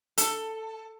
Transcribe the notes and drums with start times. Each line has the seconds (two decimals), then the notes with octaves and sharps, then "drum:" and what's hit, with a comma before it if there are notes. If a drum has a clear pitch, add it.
0.18 A4, drum: hi-hat